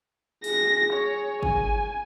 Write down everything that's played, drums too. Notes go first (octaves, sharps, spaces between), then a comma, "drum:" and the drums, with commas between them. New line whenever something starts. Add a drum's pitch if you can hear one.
G#4 A#6, drum: open hi-hat
C#5
G#5, drum: kick